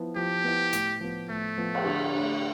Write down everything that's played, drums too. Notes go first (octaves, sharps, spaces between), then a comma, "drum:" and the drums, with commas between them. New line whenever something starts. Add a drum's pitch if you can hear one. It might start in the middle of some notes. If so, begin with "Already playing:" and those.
Already playing: F3 B3 E4
F3 G4
B3 E4
A2, drum: hi-hat
F3 B3
A2 A3
F3 B3
drum: cymbal
D3
A3 D4